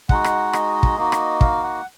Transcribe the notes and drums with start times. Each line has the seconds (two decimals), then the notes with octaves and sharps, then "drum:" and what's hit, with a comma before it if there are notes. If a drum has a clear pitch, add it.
0.09 G#3 D#4 F#4 F#5, drum: kick
0.24 drum: rim click
0.53 D#5, drum: rim click
0.83 drum: kick
0.97 A#3 D#4 F#4
1.12 drum: rim click
1.41 F5, drum: kick
1.63 F#5